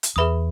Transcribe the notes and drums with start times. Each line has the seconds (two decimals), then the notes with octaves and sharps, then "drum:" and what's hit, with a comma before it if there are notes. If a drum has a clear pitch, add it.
0.03 drum: hi-hat
0.16 E2 G#4 B4 E5 B5 D#6